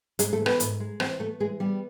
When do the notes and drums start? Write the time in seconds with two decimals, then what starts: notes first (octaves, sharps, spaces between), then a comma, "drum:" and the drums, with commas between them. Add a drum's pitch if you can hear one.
0.19 G#2 G#3 G#4, drum: hi-hat
0.33 A3 A4
0.39 E3
0.46 B3 B4, drum: rim click
0.60 G#2, drum: hi-hat
0.80 G#3
1.00 E3 C4 C5, drum: rim click
1.20 A3 B3 A4
1.40 E3 G#3 G#4
1.60 G3 B3 G4